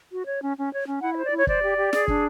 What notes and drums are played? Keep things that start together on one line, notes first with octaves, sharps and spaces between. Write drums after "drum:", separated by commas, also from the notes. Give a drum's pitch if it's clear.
F#4
C#5
C#4
C#4
C#5
C#4
E4 F#5
E5
C5
D5
E4 C#5
C5 D5, drum: kick
G4
G4
G#4, drum: snare
D4, drum: kick